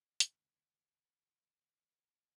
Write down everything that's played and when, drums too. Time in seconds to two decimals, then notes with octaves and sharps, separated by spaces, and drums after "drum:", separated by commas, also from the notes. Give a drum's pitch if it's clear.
0.20 C#2 C3 D#3, drum: hi-hat